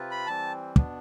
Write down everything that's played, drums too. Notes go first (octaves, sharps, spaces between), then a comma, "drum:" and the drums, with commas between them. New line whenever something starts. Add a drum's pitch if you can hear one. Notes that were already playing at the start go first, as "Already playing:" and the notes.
Already playing: C3 C4 F4 B4
B5
E3 G3 C4 A5
B2 B3 D4, drum: kick